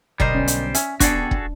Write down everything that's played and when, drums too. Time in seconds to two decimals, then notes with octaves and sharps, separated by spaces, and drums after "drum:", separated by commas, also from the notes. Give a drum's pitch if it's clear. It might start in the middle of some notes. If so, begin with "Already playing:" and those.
0.20 B1 B2 D3 G3 A#4 C5 D5 D#5, drum: kick
0.35 C#4
0.48 drum: hi-hat
0.75 C#4 E5, drum: hi-hat
1.00 D3 B3 D4 F#4 G#4 A4 G5, drum: kick, hi-hat
1.31 drum: kick